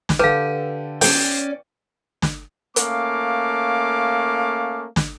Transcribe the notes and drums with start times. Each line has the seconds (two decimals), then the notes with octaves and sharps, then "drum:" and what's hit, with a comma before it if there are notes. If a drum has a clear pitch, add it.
0.09 drum: snare
0.19 D3 G4 A4 B4 F5 D#7
1.01 C#4 D5 G5, drum: open hi-hat
2.22 drum: snare
2.76 A3 A#3 C#4 F5 D6, drum: hi-hat
4.96 drum: snare